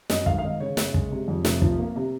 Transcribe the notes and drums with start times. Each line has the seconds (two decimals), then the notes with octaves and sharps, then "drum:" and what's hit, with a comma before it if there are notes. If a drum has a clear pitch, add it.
0.10 F#2 D#5, drum: snare
0.26 G#1 F5, drum: kick
0.38 F5
0.43 G#1 D#5
0.60 C#3 C#5
0.77 F#1, drum: snare
0.94 G#3, drum: kick
1.11 C3
1.28 F2
1.45 F1, drum: snare
1.62 F3, drum: kick
1.79 A#3
1.96 C3